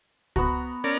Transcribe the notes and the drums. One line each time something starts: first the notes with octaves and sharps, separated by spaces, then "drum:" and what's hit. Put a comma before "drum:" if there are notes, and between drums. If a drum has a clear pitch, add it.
B3 F#4 A#5, drum: kick
C#4 A#4 D5